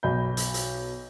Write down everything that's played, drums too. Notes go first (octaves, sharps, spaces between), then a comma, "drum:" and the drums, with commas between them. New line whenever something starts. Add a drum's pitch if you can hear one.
B1 D#5 B5 G6
drum: hi-hat
drum: hi-hat